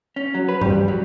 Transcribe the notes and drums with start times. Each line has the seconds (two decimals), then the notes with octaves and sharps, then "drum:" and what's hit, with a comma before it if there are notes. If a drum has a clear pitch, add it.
0.16 C#4
0.35 F#3
0.49 B4
0.61 G3, drum: tom G2
0.88 F#3